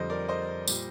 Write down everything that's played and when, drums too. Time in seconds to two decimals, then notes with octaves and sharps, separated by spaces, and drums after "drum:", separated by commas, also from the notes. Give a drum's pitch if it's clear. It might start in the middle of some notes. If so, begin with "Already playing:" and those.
Already playing: F2 D3 G3 C5 D#5
0.10 A#4 D5
0.28 C5 D#5
0.68 A#2 G3, drum: tambourine